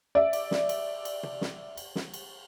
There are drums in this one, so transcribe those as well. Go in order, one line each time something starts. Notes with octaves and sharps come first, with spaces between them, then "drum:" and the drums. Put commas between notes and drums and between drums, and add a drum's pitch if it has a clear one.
D5 E5
drum: cymbal
drum: snare
drum: cymbal
drum: cymbal
drum: tom
drum: snare
drum: cymbal
drum: snare
drum: cymbal